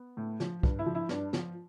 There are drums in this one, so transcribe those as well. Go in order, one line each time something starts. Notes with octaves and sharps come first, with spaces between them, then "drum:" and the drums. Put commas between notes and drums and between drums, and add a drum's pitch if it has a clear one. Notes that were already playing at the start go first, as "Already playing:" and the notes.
Already playing: B3
A2
F3, drum: snare
G2, drum: kick
E4
F3
E4
G2 D4, drum: snare
F3, drum: snare